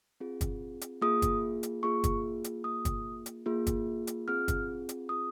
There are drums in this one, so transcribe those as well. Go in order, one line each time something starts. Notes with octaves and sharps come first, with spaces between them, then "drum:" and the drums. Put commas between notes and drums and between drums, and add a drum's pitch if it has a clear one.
C4 F4 G#4
drum: kick, hi-hat
drum: hi-hat
A#3 F4 G#4 D#6
drum: kick, hi-hat
drum: hi-hat
A#3 F4 G#4 C#6
drum: kick, hi-hat
drum: hi-hat
A#3 F4 G#4 D#6
drum: kick, hi-hat
drum: hi-hat
A#3 F4 G#4
drum: kick, hi-hat
drum: hi-hat
C4 F4 G#4 F6
drum: kick, hi-hat
drum: hi-hat
C4 F4 G#4 D#6